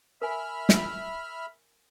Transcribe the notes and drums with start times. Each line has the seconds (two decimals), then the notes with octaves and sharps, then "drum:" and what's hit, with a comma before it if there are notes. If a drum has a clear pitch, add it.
0.22 A#4 E5 G#5 B5 F6
0.69 drum: snare